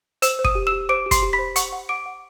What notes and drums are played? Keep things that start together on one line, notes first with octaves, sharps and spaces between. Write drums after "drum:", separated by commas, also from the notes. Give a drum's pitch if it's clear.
C5 E6 E7, drum: hi-hat
C5
D#6 D#7, drum: kick
G4
E6 E7
G4
C5 D6 D7
G4
C6 C7, drum: kick, hi-hat
G4
B5 B6
C5
F#5 C#6 C#7, drum: hi-hat
F#5
F#5 D6 D7
F#5